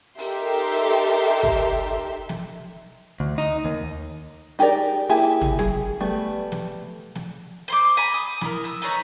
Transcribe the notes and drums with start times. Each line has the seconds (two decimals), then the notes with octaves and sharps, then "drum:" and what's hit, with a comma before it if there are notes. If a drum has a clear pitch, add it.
0.18 D#4 G4 A4 A#4 E5 C6, drum: open hi-hat
1.43 drum: kick
2.29 drum: snare
3.20 D2
3.38 D#4, drum: hi-hat
3.65 D#2
4.59 D#4 G4 G#4 A#4 D5, drum: hi-hat
5.09 A#3 E4 G4 G#4 E5
5.41 drum: tom
5.59 G#4, drum: tom
6.00 G3 A3 B3
6.52 drum: snare
7.15 drum: snare
7.68 C5 C6 D6
7.97 G#5 A#5 B5
8.14 D#6
8.41 E4 A#4, drum: snare
8.64 D#6 E6
8.82 D#4 B4 C#5 A#5